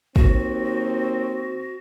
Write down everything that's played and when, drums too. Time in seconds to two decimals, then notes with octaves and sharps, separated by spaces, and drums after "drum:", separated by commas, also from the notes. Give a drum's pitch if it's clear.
0.16 D#2 C4 F#4, drum: kick